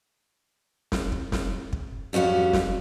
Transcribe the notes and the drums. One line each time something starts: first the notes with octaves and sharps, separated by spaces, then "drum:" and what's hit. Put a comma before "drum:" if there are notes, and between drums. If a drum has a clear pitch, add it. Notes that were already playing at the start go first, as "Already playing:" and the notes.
drum: snare
drum: kick
drum: snare
drum: kick
F2 G3 C#4 F#4 F5
drum: snare